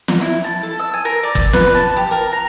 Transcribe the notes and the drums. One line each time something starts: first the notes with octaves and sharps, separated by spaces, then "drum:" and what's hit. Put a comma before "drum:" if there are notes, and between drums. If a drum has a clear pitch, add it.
drum: snare
E4
A5
A4
E6
G#5
A#4
D5
drum: kick
B4, drum: snare
A5
G4
A#4
A#5